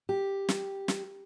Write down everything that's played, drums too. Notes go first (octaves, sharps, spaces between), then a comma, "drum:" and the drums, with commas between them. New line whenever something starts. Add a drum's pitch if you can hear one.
G4
drum: snare
drum: snare